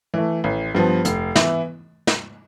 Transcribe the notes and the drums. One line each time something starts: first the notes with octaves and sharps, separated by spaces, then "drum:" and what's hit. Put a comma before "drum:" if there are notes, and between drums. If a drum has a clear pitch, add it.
E3 A3
A1
G2 F3 B3
F1, drum: hi-hat
E3 B3 E4, drum: snare
drum: snare